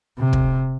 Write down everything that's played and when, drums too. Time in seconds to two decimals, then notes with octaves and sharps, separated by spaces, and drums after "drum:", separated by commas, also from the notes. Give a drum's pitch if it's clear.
0.18 C3
0.33 drum: kick